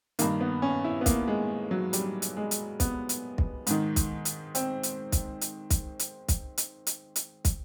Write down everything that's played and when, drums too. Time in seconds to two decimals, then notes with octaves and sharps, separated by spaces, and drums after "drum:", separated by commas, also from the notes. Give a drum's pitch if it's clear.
0.19 G2 D#3 A#3, drum: hi-hat
0.41 B3
0.62 C#4
0.84 E4
1.01 B3
1.06 A#3, drum: kick, hi-hat
1.28 G#3
1.71 F#3
1.93 G3, drum: hi-hat
2.22 drum: hi-hat
2.36 G#3
2.51 drum: hi-hat
2.80 B3, drum: kick, hi-hat
3.09 drum: hi-hat
3.38 drum: kick
3.67 G#2 D#3, drum: hi-hat
3.96 drum: kick, hi-hat
4.25 drum: hi-hat
4.55 C4, drum: hi-hat
4.83 drum: hi-hat
5.12 drum: kick, hi-hat
5.41 drum: hi-hat
5.70 drum: kick, hi-hat
5.99 drum: hi-hat
6.28 drum: kick, hi-hat
6.58 drum: hi-hat
6.87 drum: hi-hat
7.16 drum: hi-hat
7.45 drum: kick, hi-hat